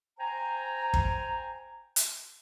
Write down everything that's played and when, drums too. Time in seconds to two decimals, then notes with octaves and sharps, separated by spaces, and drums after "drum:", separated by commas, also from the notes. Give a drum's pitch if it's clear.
0.18 C5 G5 G#5 A#5
0.94 drum: kick
1.96 drum: hi-hat